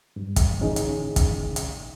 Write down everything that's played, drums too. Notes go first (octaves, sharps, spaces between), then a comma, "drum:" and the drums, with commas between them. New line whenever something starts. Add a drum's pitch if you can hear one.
G2
drum: kick, hi-hat
A2 D3 E3 C#4 D#4 G#4
drum: hi-hat
drum: kick, hi-hat
drum: hi-hat